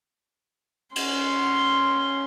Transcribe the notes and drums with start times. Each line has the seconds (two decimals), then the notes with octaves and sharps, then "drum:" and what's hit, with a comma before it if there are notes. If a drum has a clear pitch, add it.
0.96 C#4 C6, drum: cymbal